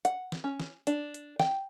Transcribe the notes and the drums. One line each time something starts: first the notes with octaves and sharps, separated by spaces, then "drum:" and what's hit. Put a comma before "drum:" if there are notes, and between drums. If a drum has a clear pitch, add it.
F#5, drum: hi-hat
drum: snare
C#4
drum: snare
D4, drum: hi-hat
drum: hi-hat
G5, drum: snare